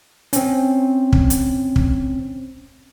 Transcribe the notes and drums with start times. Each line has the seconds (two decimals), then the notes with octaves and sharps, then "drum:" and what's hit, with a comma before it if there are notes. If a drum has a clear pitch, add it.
0.33 C4 C#4, drum: hi-hat
1.13 drum: kick
1.30 drum: hi-hat
1.76 drum: kick